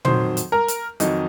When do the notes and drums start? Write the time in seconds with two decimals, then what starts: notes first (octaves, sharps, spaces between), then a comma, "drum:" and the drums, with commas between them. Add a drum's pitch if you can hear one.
0.05 F2 D#3 F#3 C5 C6, drum: tom A#2
0.37 drum: hi-hat
0.52 A#4 A#5
0.68 drum: hi-hat
1.00 F2 D#3 F#3 D#4 D#5, drum: hi-hat